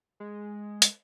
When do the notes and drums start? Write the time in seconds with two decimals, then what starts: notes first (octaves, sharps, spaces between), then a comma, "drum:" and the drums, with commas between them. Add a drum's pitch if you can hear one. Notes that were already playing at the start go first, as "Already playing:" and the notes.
0.20 G#3
0.82 drum: hi-hat